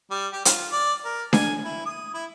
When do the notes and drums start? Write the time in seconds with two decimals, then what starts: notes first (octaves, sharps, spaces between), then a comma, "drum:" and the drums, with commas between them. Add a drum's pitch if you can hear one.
0.11 G3
0.33 G4
0.45 F4, drum: hi-hat
0.72 D5
1.05 A#4
1.33 G#5, drum: snare D4
1.65 E4
1.86 D#6
2.14 E4